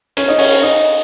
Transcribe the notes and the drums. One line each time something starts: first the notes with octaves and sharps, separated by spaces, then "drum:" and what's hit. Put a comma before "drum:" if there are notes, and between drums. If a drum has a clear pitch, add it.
C#4, drum: hi-hat
D#4
C#4, drum: open hi-hat
D#4